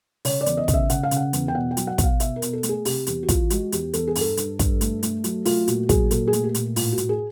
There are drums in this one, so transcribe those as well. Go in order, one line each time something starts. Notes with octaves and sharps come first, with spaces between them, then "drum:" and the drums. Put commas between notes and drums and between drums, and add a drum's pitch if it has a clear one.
C#3 C#5, drum: open hi-hat
D5
E2, drum: hi-hat
D#5
C#3, drum: kick, hi-hat
E5
C#3 F#5, drum: hi-hat
F5
C#3, drum: hi-hat
F#5
E2, drum: hi-hat
G5
B2 F#5
G5
F#3, drum: hi-hat
F#5
B2, drum: kick, hi-hat
F5
B2 E5, drum: hi-hat
A#4
B2, drum: hi-hat
A4
A3, drum: hi-hat
G#4
C3 G4, drum: open hi-hat
E2 G4, drum: hi-hat
F#4
E3 F4, drum: kick, hi-hat
G#3 F#4, drum: hi-hat
E2 G4, drum: hi-hat
E2 A4, drum: hi-hat
G#4
G2, drum: open hi-hat
A4
G2, drum: hi-hat
G2, drum: kick, hi-hat
A3, drum: hi-hat
A3, drum: hi-hat
F#3, drum: hi-hat
A3 F4, drum: open hi-hat
A#2 F#4, drum: hi-hat
F#3 G#4, drum: kick, hi-hat
A#2 A4, drum: hi-hat
G#4
A3, drum: hi-hat
G4
A#2, drum: hi-hat
A2 F4, drum: open hi-hat
F#4
A2, drum: hi-hat
G#4